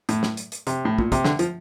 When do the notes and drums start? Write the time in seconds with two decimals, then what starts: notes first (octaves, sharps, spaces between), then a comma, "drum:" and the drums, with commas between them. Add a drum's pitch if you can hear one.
0.09 A2, drum: hi-hat
0.23 drum: snare
0.37 drum: hi-hat
0.52 drum: hi-hat
0.67 C3, drum: hi-hat
0.85 A2
0.98 A#2, drum: kick
1.12 C3, drum: kick, hi-hat
1.24 D3, drum: snare
1.39 F3, drum: hi-hat